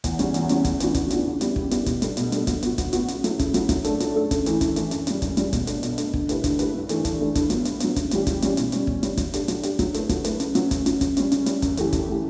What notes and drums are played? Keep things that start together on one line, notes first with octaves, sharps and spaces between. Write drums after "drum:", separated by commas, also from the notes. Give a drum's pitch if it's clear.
E2, drum: kick, hi-hat
C#3 G3 C#4, drum: hi-hat
E2, drum: hi-hat
C#3 G3 C#4, drum: hi-hat
C#3, drum: kick, hi-hat
E3 B3 D4 F#4, drum: hi-hat
C#3, drum: kick, hi-hat
E3 B3 D4 F#4, drum: hi-hat
C#3
G3 B3 E4 G4, drum: hi-hat
C#3, drum: kick
G3 B3 E4 G4, drum: hi-hat
B2, drum: kick, hi-hat
G3 D4 A4, drum: hi-hat
B2, drum: hi-hat
G3 D4 A4, drum: hi-hat
F#3, drum: kick, hi-hat
B3 F#4, drum: hi-hat
F#3, drum: kick, hi-hat
B3 F#4, drum: hi-hat
C#3, drum: hi-hat
F#3 A3 E4, drum: hi-hat
C#3, drum: kick, hi-hat
F#3 A3 E4, drum: hi-hat
F#3, drum: kick, hi-hat
A3 D4 A4, drum: hi-hat
F#3, drum: hi-hat
A3 D4 A4
C#3, drum: kick, hi-hat
E3 A3 E4, drum: hi-hat
C#3, drum: kick, hi-hat
E3 A3 E4, drum: hi-hat
F#2, drum: hi-hat
C#3 G3, drum: hi-hat
F#2, drum: kick, hi-hat
C#3 G3, drum: hi-hat
B2, drum: kick, hi-hat
A3 D4, drum: hi-hat
B2, drum: hi-hat
A3 D4, drum: hi-hat
D3, drum: kick
A3 E4 G4 B4, drum: hi-hat
D3, drum: kick, hi-hat
A3 E4 G4 B4, drum: hi-hat
G2
E3 A3 D4, drum: hi-hat
G2, drum: kick, hi-hat
E3 A3 D4
G2, drum: kick, hi-hat
F#3 B3, drum: hi-hat
G2, drum: hi-hat
F#3 B3, drum: hi-hat
C#3, drum: kick, hi-hat
E3 G3 C#4 G4, drum: hi-hat
C#3, drum: kick, hi-hat
E3 G3 C#4 G4, drum: hi-hat
B2, drum: hi-hat
G3 C#4, drum: hi-hat
B2, drum: kick
G3 C#4, drum: hi-hat
F#3, drum: kick, hi-hat
A3 D4 G4, drum: hi-hat
F#3, drum: hi-hat
A3 D4 G4, drum: hi-hat
F#3, drum: kick, hi-hat
A3 E4 B4, drum: hi-hat
F#3, drum: kick, hi-hat
A3 E4 B4, drum: hi-hat
C#3, drum: hi-hat
F#3 C#4, drum: hi-hat
C#3, drum: kick, hi-hat
F#3 C#4, drum: hi-hat
C#3, drum: kick, hi-hat
G3 C#4, drum: hi-hat
C#3, drum: hi-hat
G3 C#4, drum: hi-hat
F#2, drum: kick, hi-hat
E3 A3 E4 G4, drum: hi-hat
F#2, drum: kick, hi-hat
E3 A3 E4 G4